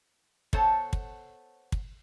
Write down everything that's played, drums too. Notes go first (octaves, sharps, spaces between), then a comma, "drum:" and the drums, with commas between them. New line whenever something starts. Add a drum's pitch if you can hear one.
B3 A4 C5 C#5 F#5 A5, drum: kick
drum: kick
drum: kick